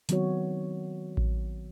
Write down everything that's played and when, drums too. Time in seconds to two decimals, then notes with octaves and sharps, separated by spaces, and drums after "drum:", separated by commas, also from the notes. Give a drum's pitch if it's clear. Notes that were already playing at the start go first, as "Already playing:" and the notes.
0.09 D#3 F#3 B3 C4 F#4 C#5, drum: hi-hat
1.17 drum: kick A1